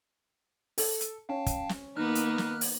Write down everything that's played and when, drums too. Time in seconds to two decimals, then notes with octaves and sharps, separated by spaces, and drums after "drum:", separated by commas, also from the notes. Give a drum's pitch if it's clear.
0.78 A4, drum: open hi-hat
1.01 drum: hi-hat
1.29 C#4 F5 G5 A5
1.46 drum: kick, hi-hat
1.69 drum: snare
1.97 D#3 A#3 B3 D#4 F6 F#6
2.15 drum: hi-hat
2.38 drum: snare
2.61 drum: open hi-hat